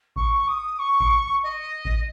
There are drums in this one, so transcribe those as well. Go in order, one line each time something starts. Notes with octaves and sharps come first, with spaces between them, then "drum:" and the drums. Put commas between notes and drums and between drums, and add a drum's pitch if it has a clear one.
C#6, drum: kick A1
D#6
C#6
drum: kick A1
D#5
drum: kick A1